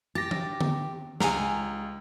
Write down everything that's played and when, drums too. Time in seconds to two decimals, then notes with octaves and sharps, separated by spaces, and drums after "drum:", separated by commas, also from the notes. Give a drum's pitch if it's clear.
0.15 G4 A6 A#6
0.31 drum: tom E3
0.61 drum: tom
1.20 C#2 G#5 A#5, drum: snare